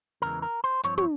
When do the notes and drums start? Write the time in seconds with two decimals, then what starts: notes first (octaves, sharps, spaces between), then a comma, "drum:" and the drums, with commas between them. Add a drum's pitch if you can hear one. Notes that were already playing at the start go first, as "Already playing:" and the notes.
0.22 E2 C#3 E3 G#3 A#4
0.42 A#4
0.64 C5
0.83 G2 F3 C4 C#5, drum: hi-hat
0.98 C#5, drum: tom